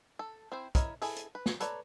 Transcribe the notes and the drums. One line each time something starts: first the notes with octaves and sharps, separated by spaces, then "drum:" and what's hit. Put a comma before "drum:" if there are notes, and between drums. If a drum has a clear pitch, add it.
A4
C4 E4 C5
E4 A#4 C#5 D#5, drum: kick, hi-hat
E4 G#4 A4, drum: open hi-hat
drum: hi-hat
B4
drum: snare
A4 B4 C#5 D5 A#5, drum: hi-hat